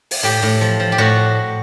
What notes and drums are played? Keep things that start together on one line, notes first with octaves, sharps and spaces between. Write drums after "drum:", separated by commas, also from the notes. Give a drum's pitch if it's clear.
drum: open hi-hat
A2 G4
A2
F3
F3
G4
A2 F#4